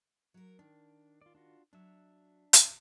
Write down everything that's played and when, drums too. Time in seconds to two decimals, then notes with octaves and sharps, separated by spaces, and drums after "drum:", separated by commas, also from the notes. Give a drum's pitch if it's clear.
0.34 F#3 A#4
0.59 D#3 D4
1.21 F4 D5
1.35 D4 F4 F#4
1.73 F#3 D4 E5
2.53 drum: hi-hat